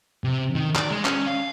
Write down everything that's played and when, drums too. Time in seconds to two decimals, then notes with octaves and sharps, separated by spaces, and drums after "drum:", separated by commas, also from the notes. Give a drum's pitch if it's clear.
0.24 C3
0.55 D#3
0.76 D5, drum: clap
0.91 G#3
1.05 C#4, drum: clap
1.26 F5